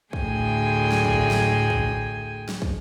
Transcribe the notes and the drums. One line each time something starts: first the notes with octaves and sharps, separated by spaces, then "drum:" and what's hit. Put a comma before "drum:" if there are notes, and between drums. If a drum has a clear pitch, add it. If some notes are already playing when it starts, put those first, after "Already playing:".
D2 A2 G#4 G5 G#5, drum: kick
drum: snare
drum: kick
drum: snare
drum: kick
drum: snare
drum: kick